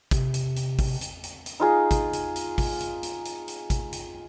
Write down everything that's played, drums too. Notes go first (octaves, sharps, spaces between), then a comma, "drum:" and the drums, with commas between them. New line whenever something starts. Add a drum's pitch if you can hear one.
C3, drum: kick G#1, hi-hat
drum: hi-hat
drum: hi-hat
drum: kick G#1, open hi-hat
drum: hi-hat
drum: hi-hat
drum: hi-hat
D#4 F4 G#4
drum: kick G#1, hi-hat
drum: hi-hat
drum: hi-hat
drum: kick G#1, open hi-hat
drum: hi-hat
drum: hi-hat
drum: hi-hat
drum: hi-hat
drum: kick G#1, hi-hat
drum: hi-hat